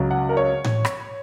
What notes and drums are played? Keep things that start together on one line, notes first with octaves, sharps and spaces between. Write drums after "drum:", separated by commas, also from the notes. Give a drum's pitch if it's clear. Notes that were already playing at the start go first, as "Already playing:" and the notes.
Already playing: C#2 C#3 F#3 C#4
F#5
A#4
C#5
drum: tom A2
drum: rim click